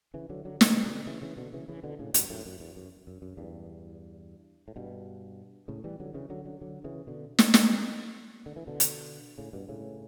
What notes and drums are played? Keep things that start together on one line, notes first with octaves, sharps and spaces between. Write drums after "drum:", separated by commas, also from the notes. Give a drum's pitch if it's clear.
C#3 E3
D3 F#3
D3 F#3
C#3 E3, drum: snare
B2 D3
C#3 E3
C#3 E3
B2 D3
C#3 E3
C#3 E3
B2 D3
A2 C#3
G2 B2, drum: hi-hat
F#2 A2
F#2
E2
F#2
F#2
F#2
E2 G2
A2
G2 B2
A2 C#3
E3 G3
D3 F#3
C#3 E3
D3 F#3
D3 F#3
D3 F#3
C#3 E3
B2 D3
drum: snare
drum: snare
D3
E3
B2 D3
drum: hi-hat
A2 C#3
G2 B2
A2 C#3